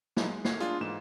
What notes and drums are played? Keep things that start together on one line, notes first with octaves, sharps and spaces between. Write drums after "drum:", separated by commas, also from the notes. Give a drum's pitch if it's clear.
F3 F#3 G#3 A#3 D#4 E4, drum: snare
G#3
A3 A#3 G#6 C7, drum: snare
D4 F4 G#4, drum: hi-hat
G#2 E3 A#3 E7